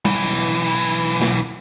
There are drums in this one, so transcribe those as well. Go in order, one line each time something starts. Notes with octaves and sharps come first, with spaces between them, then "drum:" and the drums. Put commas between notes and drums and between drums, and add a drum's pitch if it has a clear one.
B1 E3, drum: tom
drum: snare